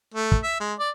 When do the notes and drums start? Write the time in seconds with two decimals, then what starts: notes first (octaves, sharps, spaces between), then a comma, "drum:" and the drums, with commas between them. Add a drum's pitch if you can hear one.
0.14 A3
0.32 drum: kick
0.43 E5
0.60 G#3
0.79 D5